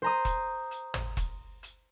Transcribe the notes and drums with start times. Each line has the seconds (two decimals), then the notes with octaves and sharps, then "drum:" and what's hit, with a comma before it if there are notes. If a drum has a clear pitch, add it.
0.02 C5 A#5 D#6
0.25 drum: kick E1, hi-hat
0.71 drum: hi-hat
0.94 drum: tom G#1
1.17 drum: kick E1, hi-hat
1.63 drum: hi-hat